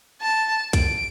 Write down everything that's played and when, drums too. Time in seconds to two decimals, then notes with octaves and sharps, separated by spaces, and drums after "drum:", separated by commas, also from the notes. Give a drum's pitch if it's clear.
0.22 A5
0.73 D7, drum: kick, hi-hat